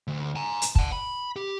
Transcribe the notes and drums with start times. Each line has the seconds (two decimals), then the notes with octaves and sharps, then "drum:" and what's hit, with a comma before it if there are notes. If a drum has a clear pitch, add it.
0.08 D2
0.36 G#5 A#5
0.62 drum: hi-hat
0.76 F#5 A5, drum: kick
0.92 B5
1.36 G4